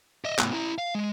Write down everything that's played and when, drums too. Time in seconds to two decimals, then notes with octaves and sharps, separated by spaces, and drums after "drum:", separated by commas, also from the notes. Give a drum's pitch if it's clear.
0.25 D#5 E5
0.39 A2 B3, drum: clap
0.53 E4 A#5
0.78 F5
0.95 G#3